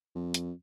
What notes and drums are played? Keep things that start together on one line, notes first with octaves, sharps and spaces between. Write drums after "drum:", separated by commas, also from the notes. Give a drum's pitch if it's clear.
F2
drum: hi-hat